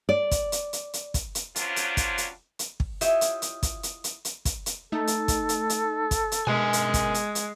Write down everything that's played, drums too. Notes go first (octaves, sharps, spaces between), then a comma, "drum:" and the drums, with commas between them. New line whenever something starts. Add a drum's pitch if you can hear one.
D5
drum: kick, hi-hat
drum: hi-hat
drum: hi-hat
drum: hi-hat
drum: kick, hi-hat
drum: hi-hat
G2 F#3 C#4 D4 F4 C5, drum: hi-hat
drum: hi-hat
drum: kick, hi-hat
drum: hi-hat
drum: hi-hat
drum: kick
E4 F4 G4 C#5 D#5 E5, drum: hi-hat
drum: hi-hat
drum: hi-hat
drum: kick, hi-hat
drum: hi-hat
drum: hi-hat
drum: hi-hat
drum: kick, hi-hat
drum: hi-hat
A3 D#4 A4
drum: hi-hat
drum: kick, hi-hat
drum: hi-hat
drum: hi-hat
drum: kick, hi-hat
drum: hi-hat
B2 G#3 A#4 E5 G#5
drum: hi-hat
drum: kick, hi-hat
drum: hi-hat
drum: hi-hat